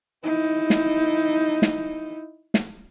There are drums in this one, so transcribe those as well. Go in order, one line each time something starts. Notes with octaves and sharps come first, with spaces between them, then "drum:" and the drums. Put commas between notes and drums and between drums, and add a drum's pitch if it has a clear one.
D#4 E4
drum: snare
drum: snare
drum: snare